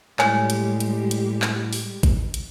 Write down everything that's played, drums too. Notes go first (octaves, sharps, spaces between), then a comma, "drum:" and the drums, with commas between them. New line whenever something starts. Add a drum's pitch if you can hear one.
A2 G3 G#3 G4 C#5 G#5, drum: clap
drum: hi-hat
drum: hi-hat
drum: hi-hat
drum: clap
drum: open hi-hat
drum: kick A1, hi-hat
drum: hi-hat